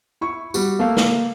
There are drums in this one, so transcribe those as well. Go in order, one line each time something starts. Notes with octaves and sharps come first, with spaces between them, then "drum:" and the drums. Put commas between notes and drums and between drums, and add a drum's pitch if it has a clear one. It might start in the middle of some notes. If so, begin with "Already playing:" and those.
E4 C#6
G3 F#4, drum: tambourine
A3 A#3 F5
drum: snare